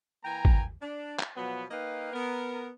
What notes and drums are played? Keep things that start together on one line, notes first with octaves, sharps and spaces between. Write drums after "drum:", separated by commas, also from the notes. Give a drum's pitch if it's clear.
E3 A#3 G5 G#5 A#5
drum: kick G#1
D4
drum: clap
B2 F3 F#3 B3
A#3 D#4 B4 D#5 F5 G5
B3 A#4